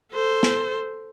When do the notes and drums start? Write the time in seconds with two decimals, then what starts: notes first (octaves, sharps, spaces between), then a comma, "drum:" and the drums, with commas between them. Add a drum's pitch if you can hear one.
0.12 A4 C5
0.43 drum: snare